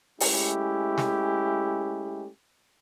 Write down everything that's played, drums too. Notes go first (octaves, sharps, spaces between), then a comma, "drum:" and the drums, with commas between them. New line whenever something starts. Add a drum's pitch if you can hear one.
G#3 A3 C#4 E4 G4, drum: open hi-hat
drum: snare